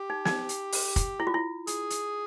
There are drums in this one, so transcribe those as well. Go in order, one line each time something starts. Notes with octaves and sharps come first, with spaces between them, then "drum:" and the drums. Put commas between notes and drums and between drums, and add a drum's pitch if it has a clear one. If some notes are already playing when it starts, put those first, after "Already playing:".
Already playing: G4
D#4
D#4, drum: snare
drum: hi-hat
drum: open hi-hat
drum: kick, hi-hat
E4
F4
E4
G#4, drum: hi-hat
drum: hi-hat